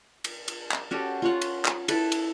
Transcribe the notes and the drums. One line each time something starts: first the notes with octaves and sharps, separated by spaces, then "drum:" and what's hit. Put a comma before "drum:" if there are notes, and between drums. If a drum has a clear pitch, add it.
drum: cymbal
drum: cymbal
drum: clap
C#4 F#4 G4 A4
F4 C#5 F#5
drum: cymbal
drum: clap
E4 A4 B4, drum: cymbal
drum: cymbal